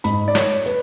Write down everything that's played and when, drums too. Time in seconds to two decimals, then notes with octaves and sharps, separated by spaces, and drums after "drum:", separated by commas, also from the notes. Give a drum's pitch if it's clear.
0.04 G#2 B5, drum: hi-hat
0.28 D5
0.35 C#5, drum: snare
0.66 B4, drum: hi-hat